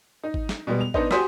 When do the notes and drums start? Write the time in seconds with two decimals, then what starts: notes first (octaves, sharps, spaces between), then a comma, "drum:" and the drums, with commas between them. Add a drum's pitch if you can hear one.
0.24 D#4
0.34 drum: kick G#1
0.49 drum: snare
0.67 B2 G3 G#3 B3
0.80 F7
0.94 B3 D4 D#4 B4 C5 D#5, drum: kick G#1
1.11 F#4 G4 C5 G#5 D#6 B6, drum: snare